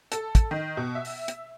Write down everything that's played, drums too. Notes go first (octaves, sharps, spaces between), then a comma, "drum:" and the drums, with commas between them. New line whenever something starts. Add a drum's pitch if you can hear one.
A4, drum: hi-hat
drum: kick, hi-hat
D#3
B2
E5
drum: open hi-hat
drum: hi-hat